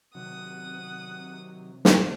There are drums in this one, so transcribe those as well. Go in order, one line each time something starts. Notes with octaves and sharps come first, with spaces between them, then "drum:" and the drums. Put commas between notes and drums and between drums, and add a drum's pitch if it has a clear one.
C3 D#3 F#3 F#5 D#6
drum: snare